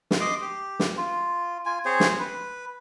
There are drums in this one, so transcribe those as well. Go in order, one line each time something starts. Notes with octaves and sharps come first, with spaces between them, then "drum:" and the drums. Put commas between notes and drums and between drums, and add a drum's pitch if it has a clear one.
drum: snare
D#5 C6 D6
G4
drum: snare
F4
F4 G#5
C4 G#4 C5 C#5
drum: snare
B4